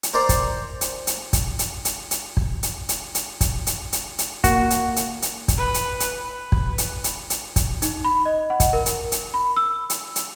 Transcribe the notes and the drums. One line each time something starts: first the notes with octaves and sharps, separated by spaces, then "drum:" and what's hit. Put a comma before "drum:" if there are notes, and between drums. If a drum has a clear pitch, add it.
drum: hi-hat
A#4 C5 D5
drum: kick, hi-hat
drum: hi-hat
drum: hi-hat
drum: kick, hi-hat
drum: hi-hat
drum: hi-hat
drum: hi-hat
drum: kick
drum: hi-hat
drum: hi-hat
drum: hi-hat
drum: kick, hi-hat
drum: hi-hat
drum: hi-hat
drum: hi-hat
A#3 F#4, drum: kick, hi-hat
drum: hi-hat
drum: hi-hat
drum: hi-hat
drum: kick, hi-hat
B4
drum: hi-hat
drum: hi-hat
B4
drum: kick
drum: hi-hat
drum: hi-hat
drum: hi-hat
drum: kick, hi-hat
D#4, drum: hi-hat
B5
D#5
F#5
drum: kick, hi-hat
A#4
drum: hi-hat
drum: hi-hat
B5
E6
drum: hi-hat
drum: hi-hat